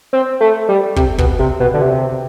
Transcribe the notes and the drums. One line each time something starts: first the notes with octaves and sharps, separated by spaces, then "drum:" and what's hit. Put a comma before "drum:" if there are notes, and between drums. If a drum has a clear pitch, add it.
C4
A3
G3
C3, drum: kick
B2, drum: kick
C3
B2
D3
C3